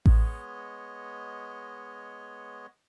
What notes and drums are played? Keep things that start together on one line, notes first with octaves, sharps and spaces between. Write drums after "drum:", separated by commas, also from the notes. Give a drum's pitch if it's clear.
G#3 B3 C#5 D#5, drum: kick A1